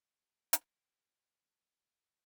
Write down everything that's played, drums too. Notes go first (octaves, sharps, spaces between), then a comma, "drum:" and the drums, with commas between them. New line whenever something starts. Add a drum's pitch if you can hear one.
A#2 C#3 A#3 C4 G4
drum: hi-hat